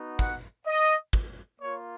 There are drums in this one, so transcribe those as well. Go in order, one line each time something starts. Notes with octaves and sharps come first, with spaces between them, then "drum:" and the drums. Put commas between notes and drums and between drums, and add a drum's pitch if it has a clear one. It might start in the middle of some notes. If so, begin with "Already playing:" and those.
Already playing: B3 D#4 F#4
F#5, drum: kick
D#5
drum: kick
A#3 F4 C#5